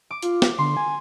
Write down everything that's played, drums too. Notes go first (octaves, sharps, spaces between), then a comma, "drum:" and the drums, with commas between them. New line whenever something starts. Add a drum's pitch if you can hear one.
D6
F4, drum: hi-hat
drum: snare
D3 C6
G#5